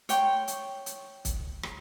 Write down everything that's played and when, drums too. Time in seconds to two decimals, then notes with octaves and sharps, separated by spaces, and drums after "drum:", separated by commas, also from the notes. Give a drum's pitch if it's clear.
0.09 C#5 G5 C6, drum: hi-hat
0.48 drum: hi-hat
0.86 drum: hi-hat
1.25 drum: kick, hi-hat
1.63 drum: rim click